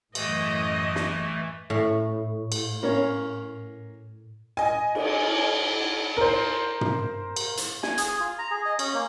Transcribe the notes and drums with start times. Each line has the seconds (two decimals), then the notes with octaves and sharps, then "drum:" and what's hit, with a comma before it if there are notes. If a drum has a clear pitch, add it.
0.15 F#2 A2 E3 A3 D#5, drum: cymbal
0.96 drum: snare
1.70 A2
2.52 drum: cymbal
2.83 A#3 C#4 C#5
4.57 D#5 G#5
4.95 drum: cymbal
6.17 A#4 C5
6.81 drum: tom
7.36 drum: cymbal
7.57 drum: hi-hat
7.83 G#5, drum: snare
7.98 G#4, drum: hi-hat
8.20 F4
8.39 A#5
8.51 G#4
8.66 D#5
8.79 C#4, drum: cymbal
8.94 A#3